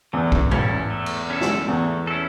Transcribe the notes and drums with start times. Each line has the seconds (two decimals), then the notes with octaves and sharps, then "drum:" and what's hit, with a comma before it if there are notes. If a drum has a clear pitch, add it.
0.13 E2 A3
0.32 drum: kick
0.51 C#4 E4 A4, drum: tom G#2
0.90 A3
1.06 drum: cymbal
1.30 C#4 E4 A4
1.41 drum: snare
1.68 E2 A3
2.07 C#4 E4 A4